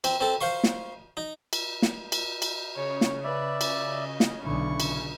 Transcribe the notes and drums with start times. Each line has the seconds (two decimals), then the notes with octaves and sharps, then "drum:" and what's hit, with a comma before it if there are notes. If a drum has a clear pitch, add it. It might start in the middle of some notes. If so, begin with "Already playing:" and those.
0.04 C4, drum: cymbal
0.21 C4 A4
0.41 C5 F5 C6 C#6
0.64 drum: snare
1.17 D#4
1.53 drum: cymbal
1.82 drum: snare
2.12 drum: cymbal
2.42 drum: cymbal
2.76 C#3 C#5
3.01 drum: snare
3.24 B4 D5 E5
3.61 drum: cymbal
3.87 D#5
4.20 drum: snare
4.44 B1 D3 E4 C#6
4.80 drum: cymbal